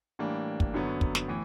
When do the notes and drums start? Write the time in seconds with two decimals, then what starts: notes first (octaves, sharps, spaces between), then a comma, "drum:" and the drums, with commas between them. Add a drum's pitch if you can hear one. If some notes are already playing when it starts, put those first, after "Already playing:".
0.19 A2 E3 G3 A#3 D4
0.60 drum: kick
0.74 F#2 D3 F#3 B3
1.01 drum: kick
1.15 drum: snare
1.28 A2 E3